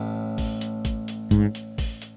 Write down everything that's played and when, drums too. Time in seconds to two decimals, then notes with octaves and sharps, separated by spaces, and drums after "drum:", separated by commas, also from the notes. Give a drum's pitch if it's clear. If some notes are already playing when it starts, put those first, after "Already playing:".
Already playing: A1 A2
0.38 drum: kick A1, open hi-hat
0.61 drum: hi-hat
0.85 drum: kick A1, hi-hat
1.08 drum: hi-hat
1.31 G#2, drum: kick A1, hi-hat
1.55 drum: hi-hat
1.78 drum: kick A1, open hi-hat
2.02 drum: hi-hat